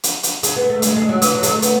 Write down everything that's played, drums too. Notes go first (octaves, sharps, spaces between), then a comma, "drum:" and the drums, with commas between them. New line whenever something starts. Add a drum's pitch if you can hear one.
drum: hi-hat
drum: hi-hat
G#3, drum: hi-hat
B3
A3
G#3, drum: hi-hat
G#3
F#3
E3, drum: hi-hat
F#3
G#3, drum: hi-hat
A3
B3, drum: hi-hat